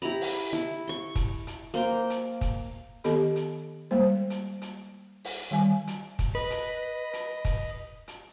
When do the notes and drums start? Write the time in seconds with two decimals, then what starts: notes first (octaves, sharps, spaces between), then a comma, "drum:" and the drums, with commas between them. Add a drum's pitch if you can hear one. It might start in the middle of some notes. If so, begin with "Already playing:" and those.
0.02 E4 G4 A#5 B5
0.21 drum: open hi-hat
0.53 E4, drum: hi-hat
0.87 C6 C#6
1.15 drum: kick, hi-hat
1.47 drum: hi-hat
1.74 A#3 C5 G5 C6
2.10 drum: hi-hat
2.41 drum: kick, hi-hat
3.04 D#3 B3 G4 A4 D#5 B5, drum: hi-hat
3.36 drum: hi-hat
3.91 G3 G#3 A#3 C5
4.30 drum: hi-hat
4.62 drum: hi-hat
5.24 drum: open hi-hat
5.51 D#3 G3 G#5
5.87 drum: hi-hat
6.19 drum: kick, hi-hat
6.35 B4 D#5
6.50 drum: hi-hat
7.13 drum: hi-hat
7.45 drum: kick, hi-hat
8.08 drum: hi-hat